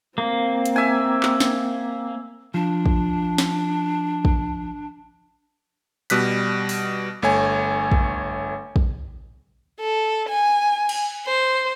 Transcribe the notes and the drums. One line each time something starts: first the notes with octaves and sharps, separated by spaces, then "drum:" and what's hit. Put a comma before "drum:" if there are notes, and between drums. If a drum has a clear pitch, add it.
A#3 C4
drum: hi-hat
E5 G#5
drum: clap
drum: snare
F3 D4
drum: kick
drum: snare
drum: kick
B2 G3 F#6 B6, drum: hi-hat
drum: open hi-hat
G1 A3 C#5 G#5
drum: kick
drum: kick
A4
G#5
drum: cymbal
C5